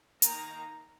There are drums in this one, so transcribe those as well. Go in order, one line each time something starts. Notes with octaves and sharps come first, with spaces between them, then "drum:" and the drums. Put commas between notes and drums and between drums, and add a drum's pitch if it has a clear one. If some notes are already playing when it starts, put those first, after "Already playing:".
D#3 A#3 D#4 A#5, drum: hi-hat